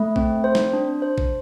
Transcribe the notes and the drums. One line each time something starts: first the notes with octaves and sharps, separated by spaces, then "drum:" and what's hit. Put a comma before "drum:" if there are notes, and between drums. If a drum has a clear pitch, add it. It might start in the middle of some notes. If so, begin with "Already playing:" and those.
Already playing: A3
C4, drum: kick A1
C5
drum: snare
D4
C5
drum: kick A1